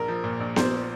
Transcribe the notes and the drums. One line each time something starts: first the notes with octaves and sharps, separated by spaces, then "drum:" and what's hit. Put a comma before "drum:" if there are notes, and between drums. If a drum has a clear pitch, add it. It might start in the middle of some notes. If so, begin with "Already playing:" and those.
Already playing: A#1 A#4
F3
A#2
A#1
A#2 C5, drum: snare B3